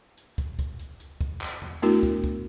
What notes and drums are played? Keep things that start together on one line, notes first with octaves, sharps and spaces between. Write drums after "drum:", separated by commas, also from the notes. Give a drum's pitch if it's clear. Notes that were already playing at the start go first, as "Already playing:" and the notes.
drum: hi-hat
drum: kick, hi-hat
drum: kick, hi-hat
drum: hi-hat
drum: hi-hat
drum: kick, hi-hat
drum: clap
drum: tom E2
A3 B3 D4 E4 F#4 A#4, drum: hi-hat
drum: kick, hi-hat
drum: kick, hi-hat